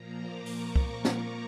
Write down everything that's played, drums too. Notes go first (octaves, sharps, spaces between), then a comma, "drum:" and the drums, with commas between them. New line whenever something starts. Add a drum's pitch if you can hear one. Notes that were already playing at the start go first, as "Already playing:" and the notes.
Already playing: A#2 F3 A#3 A#5
D6
C#6, drum: open hi-hat
D6, drum: kick
drum: snare